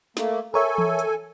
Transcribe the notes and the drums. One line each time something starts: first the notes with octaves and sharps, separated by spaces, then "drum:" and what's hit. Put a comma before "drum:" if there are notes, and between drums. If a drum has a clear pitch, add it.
A3 A#3, drum: snare
A4 A#4 C#5 E5 G#5
drum: tom E3
drum: hi-hat